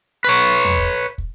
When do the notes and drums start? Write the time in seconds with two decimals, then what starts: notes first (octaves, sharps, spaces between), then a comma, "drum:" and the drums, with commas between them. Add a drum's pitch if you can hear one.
0.24 B4 C#5, drum: hi-hat
0.51 drum: hi-hat
0.65 drum: tom E2
0.78 drum: kick, hi-hat
1.18 drum: kick